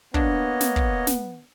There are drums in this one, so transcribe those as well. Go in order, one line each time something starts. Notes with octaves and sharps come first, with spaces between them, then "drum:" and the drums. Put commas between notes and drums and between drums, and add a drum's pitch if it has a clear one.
A#3 B3 D4 C#5 D#5, drum: kick
drum: snare
drum: kick
drum: snare